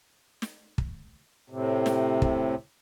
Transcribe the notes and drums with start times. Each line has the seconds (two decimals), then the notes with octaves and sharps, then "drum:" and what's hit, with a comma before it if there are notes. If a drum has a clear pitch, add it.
0.42 drum: snare
0.78 drum: kick
1.50 A2 C3
1.86 drum: snare
2.22 drum: kick